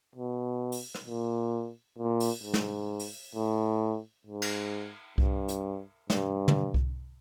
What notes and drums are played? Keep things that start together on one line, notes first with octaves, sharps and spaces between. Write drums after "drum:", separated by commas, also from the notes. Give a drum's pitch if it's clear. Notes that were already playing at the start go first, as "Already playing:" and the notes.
B2
drum: open hi-hat
drum: rim click
A#2
A#2
drum: open hi-hat
G#2
drum: snare
drum: open hi-hat
A2
G#2
drum: cymbal
G2, drum: kick C2
drum: hi-hat
G2, drum: snare
drum: tom
drum: kick C2